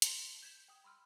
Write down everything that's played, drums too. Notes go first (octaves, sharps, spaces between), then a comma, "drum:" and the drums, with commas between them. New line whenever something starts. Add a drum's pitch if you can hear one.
A5 C6 E7, drum: hi-hat
G6 G#6 B6 E7 F#7
G5 D#6
B5 C6 E6 F6